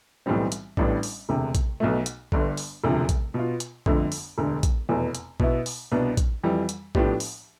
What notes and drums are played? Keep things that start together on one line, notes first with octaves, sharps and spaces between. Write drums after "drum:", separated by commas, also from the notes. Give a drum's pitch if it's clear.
B1 A2 E3 G3 C4
drum: hi-hat
A1 A2 G3 B3 D4, drum: kick
drum: open hi-hat
E1 D2 C3
drum: kick, hi-hat
B1 B2 A3
drum: hi-hat
G1 G2 D3, drum: kick
drum: open hi-hat
E1 D2 C3 F3
drum: kick, hi-hat
B2 B3 F4
drum: hi-hat
G1 F2 D3 A3, drum: kick
drum: open hi-hat
E1 D2 D3
drum: kick, hi-hat
F1 E2 B2 B3
drum: hi-hat
B2 B3 E4, drum: kick
drum: open hi-hat
C2 B2 B3 D4
drum: kick, hi-hat
F2 E3 G3
drum: hi-hat
A2 F3 B3 D4 G4, drum: kick
drum: open hi-hat